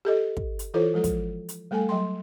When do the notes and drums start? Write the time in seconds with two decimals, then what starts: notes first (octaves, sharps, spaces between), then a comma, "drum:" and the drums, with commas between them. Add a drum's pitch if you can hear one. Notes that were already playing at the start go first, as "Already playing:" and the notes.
0.05 G4 A4 D#5
0.37 drum: kick
0.59 drum: hi-hat
0.74 E3 E4 F4 A4 C5 C#5
0.94 F3 G#3 A4
1.04 drum: kick, hi-hat
1.49 drum: hi-hat
1.71 G3 A3 A4 F5 G#5
1.89 F#3 G5 C6